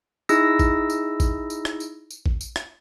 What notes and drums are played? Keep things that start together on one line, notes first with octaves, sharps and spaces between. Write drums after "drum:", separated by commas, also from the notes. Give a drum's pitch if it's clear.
D#4 E4 G#4 E6 A#6, drum: tambourine
drum: kick, tambourine
drum: tambourine
drum: kick, tambourine
drum: tambourine
drum: rim click
drum: tambourine
drum: tambourine
drum: kick
drum: tambourine
drum: rim click